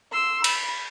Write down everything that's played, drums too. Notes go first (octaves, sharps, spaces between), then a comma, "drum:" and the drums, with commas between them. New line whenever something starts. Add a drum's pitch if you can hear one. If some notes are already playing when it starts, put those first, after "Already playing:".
C6 E6
B5, drum: cymbal